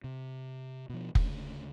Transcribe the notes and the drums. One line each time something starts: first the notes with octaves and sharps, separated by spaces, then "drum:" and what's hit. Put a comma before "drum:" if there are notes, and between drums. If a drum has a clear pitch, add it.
C3
B2 F3
D2 C#3, drum: kick F1